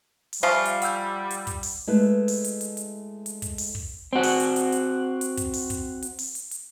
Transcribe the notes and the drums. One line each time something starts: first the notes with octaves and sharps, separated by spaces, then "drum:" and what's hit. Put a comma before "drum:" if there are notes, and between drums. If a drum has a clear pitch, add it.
drum: open hi-hat
F3 G3 F4 E5 G#5 C#6
drum: hi-hat
F#5 E6 G6, drum: hi-hat
drum: hi-hat
drum: kick, hi-hat
drum: open hi-hat
G#3 A3 E4 B4
drum: open hi-hat
drum: hi-hat
drum: hi-hat
drum: hi-hat
drum: hi-hat
drum: kick, hi-hat
drum: open hi-hat
drum: kick
C4 F#4
drum: open hi-hat
drum: hi-hat
drum: hi-hat
drum: hi-hat
drum: hi-hat
drum: kick, hi-hat
drum: open hi-hat
drum: kick, hi-hat
drum: hi-hat
drum: open hi-hat
drum: hi-hat
drum: hi-hat